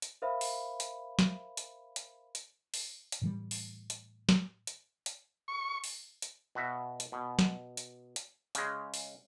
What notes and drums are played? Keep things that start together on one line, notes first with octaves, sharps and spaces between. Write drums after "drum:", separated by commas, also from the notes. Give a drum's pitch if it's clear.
drum: hi-hat
A#4 C5 E5 F5 B5
drum: open hi-hat
drum: hi-hat
drum: snare
drum: hi-hat
drum: hi-hat
drum: hi-hat
drum: open hi-hat
drum: hi-hat
A2 E3 G3
drum: open hi-hat
drum: hi-hat
drum: snare
drum: hi-hat
drum: hi-hat
C#6
drum: open hi-hat
drum: hi-hat
B2 F#4 E5
drum: hi-hat
B2
drum: snare
drum: hi-hat
drum: hi-hat
C#3 G#3, drum: hi-hat
drum: open hi-hat